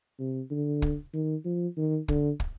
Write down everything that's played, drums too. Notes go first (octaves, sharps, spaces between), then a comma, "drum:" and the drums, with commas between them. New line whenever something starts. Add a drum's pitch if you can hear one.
C3
D3
drum: kick
D#3
F3
D#3
D3, drum: kick
drum: kick